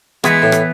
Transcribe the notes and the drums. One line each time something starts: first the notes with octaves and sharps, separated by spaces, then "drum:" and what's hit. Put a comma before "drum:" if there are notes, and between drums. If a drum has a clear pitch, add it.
E3 G#3 B3 E4, drum: rim click
A2
drum: rim click